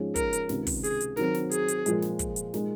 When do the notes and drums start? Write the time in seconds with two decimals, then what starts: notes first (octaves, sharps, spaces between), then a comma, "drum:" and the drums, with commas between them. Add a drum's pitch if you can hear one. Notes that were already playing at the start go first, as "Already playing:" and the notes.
Already playing: G#2 F3 G#3 C#4 G#4
0.16 A#4, drum: kick, hi-hat
0.33 drum: hi-hat
0.49 C#2 C3 D#3, drum: snare
0.67 drum: kick, open hi-hat
0.84 G#4, drum: hi-hat
1.00 drum: hi-hat
1.17 D#3 F#3 C4 A#4, drum: snare
1.34 drum: snare
1.51 G#4, drum: hi-hat
1.68 drum: hi-hat
1.86 A#2 F3 G#3, drum: hi-hat
2.02 drum: snare
2.19 drum: kick, hi-hat
2.36 drum: hi-hat
2.54 A#2 G#3 D#4, drum: snare